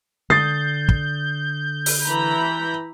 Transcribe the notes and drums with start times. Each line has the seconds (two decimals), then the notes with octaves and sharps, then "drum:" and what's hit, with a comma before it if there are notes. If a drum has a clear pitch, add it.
0.30 D3 D#6 G6 A6 C7
0.89 drum: kick
1.86 drum: open hi-hat
2.04 E3 A#5 B5